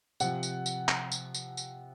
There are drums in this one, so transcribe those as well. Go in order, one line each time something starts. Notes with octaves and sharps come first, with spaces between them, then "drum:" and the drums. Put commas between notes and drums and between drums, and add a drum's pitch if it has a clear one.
C3 F3 F#5, drum: tambourine
drum: tambourine
drum: tambourine
drum: clap
drum: tambourine
drum: tambourine
drum: tambourine